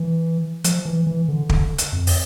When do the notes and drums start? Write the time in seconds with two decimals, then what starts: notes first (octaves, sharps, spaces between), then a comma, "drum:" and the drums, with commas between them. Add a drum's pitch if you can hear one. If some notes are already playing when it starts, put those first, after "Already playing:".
Already playing: E3
0.64 F3, drum: hi-hat
0.85 E3
1.07 E3
1.28 D3
1.49 D3, drum: kick
1.78 drum: hi-hat
1.92 F2
2.07 drum: open hi-hat